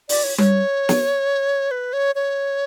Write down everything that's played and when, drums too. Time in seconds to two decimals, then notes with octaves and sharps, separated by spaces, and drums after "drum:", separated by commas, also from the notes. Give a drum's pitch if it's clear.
0.09 D5, drum: open hi-hat
0.24 C#5
0.38 C#5, drum: tom G3
0.89 drum: snare
1.71 B4
1.93 C#5
2.15 C#5